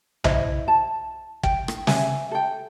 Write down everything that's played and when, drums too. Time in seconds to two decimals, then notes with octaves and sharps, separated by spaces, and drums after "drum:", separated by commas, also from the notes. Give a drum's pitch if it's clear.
0.24 E4 C5 D#5 E5, drum: tom B1
0.68 A5
1.43 G5, drum: kick
1.68 drum: rim click
1.87 E5 G#5, drum: snare
2.31 A4 G5